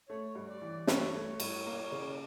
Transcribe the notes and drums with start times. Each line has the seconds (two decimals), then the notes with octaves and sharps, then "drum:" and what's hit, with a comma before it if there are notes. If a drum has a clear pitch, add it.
0.09 A3 C#5
0.35 G2
0.49 D5
0.62 E3
0.87 G2 C#5, drum: snare
1.14 A3
1.40 G2, drum: cymbal
1.66 A#3
1.92 C#3